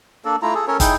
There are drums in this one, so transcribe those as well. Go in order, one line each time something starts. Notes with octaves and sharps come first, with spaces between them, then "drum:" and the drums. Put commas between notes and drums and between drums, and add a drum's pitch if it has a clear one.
A#3 D4 A4
A3 E4 F4 A#5
G#4 A4
C#4 A4 A#4 C#5
D#4 E4 G#4 G5, drum: kick, hi-hat